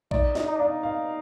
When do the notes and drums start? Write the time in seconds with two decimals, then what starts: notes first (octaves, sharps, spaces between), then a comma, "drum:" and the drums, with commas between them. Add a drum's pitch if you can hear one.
0.11 D#4 D5, drum: kick A#1
0.35 D#5, drum: snare
0.48 D#4
0.56 D4 F5
0.64 D#4
0.83 F5